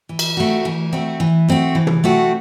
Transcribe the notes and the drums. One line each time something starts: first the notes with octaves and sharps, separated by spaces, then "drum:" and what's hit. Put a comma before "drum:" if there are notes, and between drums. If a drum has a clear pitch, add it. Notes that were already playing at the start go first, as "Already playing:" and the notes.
E3
drum: cymbal
A3 C4 F#4
E3
A3 C4 F#4
E3
A3 C4 F#4
E3
drum: tom
A3 C4 F#4